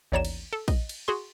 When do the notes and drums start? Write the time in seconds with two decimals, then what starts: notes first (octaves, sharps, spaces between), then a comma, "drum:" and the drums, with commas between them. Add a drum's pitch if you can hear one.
0.12 A1 D#2 C#5 D5 A#5 E7
0.25 drum: cymbal
0.53 A4
0.68 D#5, drum: kick, cymbal
0.89 drum: cymbal
1.08 F#4 G#4 C6